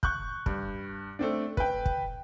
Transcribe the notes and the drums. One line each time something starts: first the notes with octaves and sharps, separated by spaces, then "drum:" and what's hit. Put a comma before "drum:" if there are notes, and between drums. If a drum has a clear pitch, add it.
C#6 F#6 G6, drum: kick
G2, drum: kick
A3 C4 D4
B4 G5, drum: kick
drum: kick